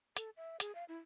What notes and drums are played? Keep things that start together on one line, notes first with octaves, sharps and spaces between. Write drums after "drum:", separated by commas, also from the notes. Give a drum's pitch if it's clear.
A4, drum: hi-hat
E5
G#4, drum: hi-hat
F5
E4